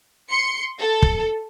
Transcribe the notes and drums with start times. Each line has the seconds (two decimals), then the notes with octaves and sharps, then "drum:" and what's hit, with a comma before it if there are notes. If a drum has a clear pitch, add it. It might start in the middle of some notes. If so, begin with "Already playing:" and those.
0.30 C6 C#7
0.80 A4
1.02 drum: kick